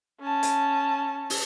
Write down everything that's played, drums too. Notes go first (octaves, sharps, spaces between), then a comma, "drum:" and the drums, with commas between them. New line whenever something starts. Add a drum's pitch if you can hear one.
C#4 A5
drum: hi-hat
drum: open hi-hat